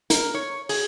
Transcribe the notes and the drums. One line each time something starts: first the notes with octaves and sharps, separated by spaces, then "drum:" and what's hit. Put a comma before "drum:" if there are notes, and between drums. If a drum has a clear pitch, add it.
A#4, drum: hi-hat
C#5
G#4, drum: open hi-hat